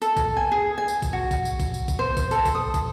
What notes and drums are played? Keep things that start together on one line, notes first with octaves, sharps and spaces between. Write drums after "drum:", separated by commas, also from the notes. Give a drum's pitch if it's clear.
A4, drum: tambourine
drum: kick, tambourine
G#5
G#4
G#5
drum: tambourine
drum: kick, tambourine
F#4
drum: kick, tambourine
drum: tambourine
drum: kick, tambourine
drum: tambourine
drum: kick, tambourine
C5
drum: kick, tambourine
A4, drum: tambourine
drum: kick, tambourine
D#6
drum: kick, tambourine